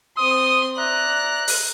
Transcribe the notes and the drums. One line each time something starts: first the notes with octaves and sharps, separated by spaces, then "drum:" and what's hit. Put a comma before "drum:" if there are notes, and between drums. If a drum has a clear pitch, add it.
C4 C6 D#6
D5 E5 A#5 F#6
drum: open hi-hat